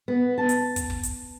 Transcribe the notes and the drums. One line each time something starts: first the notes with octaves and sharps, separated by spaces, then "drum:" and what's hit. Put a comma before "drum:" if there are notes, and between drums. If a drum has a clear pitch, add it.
B3
A5
drum: hi-hat
drum: kick, hi-hat
drum: kick
drum: hi-hat